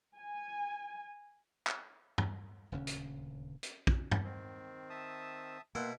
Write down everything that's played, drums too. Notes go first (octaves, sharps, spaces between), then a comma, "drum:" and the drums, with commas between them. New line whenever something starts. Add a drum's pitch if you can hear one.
G#5
drum: clap
drum: tom
D#1 D2 C#3 C#4
drum: hi-hat
drum: hi-hat
drum: kick
drum: tom
D#3 C4
E5 A5 D#6
B2 A#3 E4 F#5 G5 C6